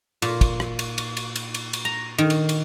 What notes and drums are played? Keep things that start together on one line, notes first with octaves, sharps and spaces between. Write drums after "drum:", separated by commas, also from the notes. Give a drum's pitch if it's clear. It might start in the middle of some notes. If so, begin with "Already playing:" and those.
A#2, drum: cymbal
drum: kick, cymbal
drum: rim click
drum: cymbal
drum: cymbal
drum: cymbal
drum: cymbal
drum: cymbal
drum: cymbal
A#5
D#3
drum: cymbal
drum: cymbal